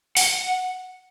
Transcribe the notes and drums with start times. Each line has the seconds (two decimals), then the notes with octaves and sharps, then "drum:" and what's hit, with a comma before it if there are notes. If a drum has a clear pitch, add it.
0.17 F#5, drum: open hi-hat